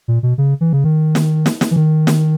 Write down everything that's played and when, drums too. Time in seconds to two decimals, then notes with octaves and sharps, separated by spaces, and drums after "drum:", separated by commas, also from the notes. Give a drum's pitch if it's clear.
0.08 A#2
0.23 B2
0.38 C#3
0.61 E3
0.73 C#3
0.84 D#3
1.15 drum: snare
1.46 drum: snare
1.61 drum: snare
1.71 E3
1.76 D#3
2.07 drum: snare